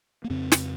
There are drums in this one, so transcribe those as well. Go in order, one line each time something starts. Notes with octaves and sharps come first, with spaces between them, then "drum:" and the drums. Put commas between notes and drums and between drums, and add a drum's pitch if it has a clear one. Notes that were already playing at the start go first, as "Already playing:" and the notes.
A#3
F2 C#3 C4
drum: snare